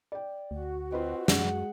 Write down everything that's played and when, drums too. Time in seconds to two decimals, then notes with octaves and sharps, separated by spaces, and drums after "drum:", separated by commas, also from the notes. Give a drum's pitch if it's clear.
0.12 D5 G5
0.51 D2 F#4
0.92 C4 F4 B4 D#5
1.28 F#2 G#3 F#5, drum: snare